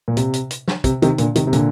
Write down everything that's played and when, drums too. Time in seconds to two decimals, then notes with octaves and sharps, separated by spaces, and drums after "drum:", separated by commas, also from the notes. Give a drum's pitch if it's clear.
0.08 A#2
0.17 C3, drum: hi-hat
0.34 drum: hi-hat
0.51 drum: hi-hat
0.68 drum: snare
0.84 C3, drum: kick, hi-hat
1.02 C3 D#3, drum: hi-hat
1.18 A#2 D3, drum: hi-hat
1.36 C3 D#3, drum: hi-hat
1.47 C3
1.53 A#2 D3, drum: hi-hat